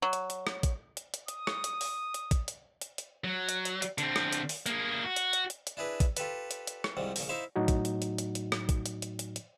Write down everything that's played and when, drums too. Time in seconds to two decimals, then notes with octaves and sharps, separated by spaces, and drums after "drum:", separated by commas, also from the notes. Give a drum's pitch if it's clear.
0.02 F#3
0.13 drum: hi-hat
0.30 drum: hi-hat
0.47 drum: rim click
0.63 drum: kick, hi-hat
0.97 drum: hi-hat
1.14 drum: hi-hat
1.28 D#6, drum: hi-hat
1.47 drum: rim click
1.64 drum: hi-hat
1.81 drum: open hi-hat
2.14 drum: hi-hat
2.31 drum: kick, hi-hat
2.48 drum: hi-hat
2.81 drum: hi-hat
2.98 drum: hi-hat
3.24 F#3
3.49 drum: hi-hat
3.65 drum: hi-hat
3.82 drum: hi-hat
3.98 D3 C4, drum: hi-hat
4.16 drum: rim click
4.33 drum: hi-hat
4.49 drum: open hi-hat
4.66 A#3 G#4, drum: hi-hat
5.04 F#4
5.16 drum: hi-hat
5.33 drum: hi-hat
5.50 drum: hi-hat
5.67 drum: hi-hat
5.77 D4 E4 G#4 B4
6.00 drum: kick, hi-hat
6.17 F4 G4 A4 B4, drum: hi-hat
6.51 drum: hi-hat
6.67 drum: hi-hat
6.84 drum: rim click
6.97 C2 G#2 F3 G3
7.16 A#1 C#3, drum: open hi-hat
7.29 D#4 E4 C5 E5 F5
7.56 A2 F#3 D#4 F#4
7.68 drum: kick, hi-hat
7.85 drum: hi-hat
8.02 drum: hi-hat
8.18 drum: hi-hat
8.35 drum: hi-hat
8.52 drum: rim click
8.69 drum: kick, hi-hat
8.86 drum: hi-hat
9.02 drum: hi-hat
9.19 drum: hi-hat
9.36 drum: hi-hat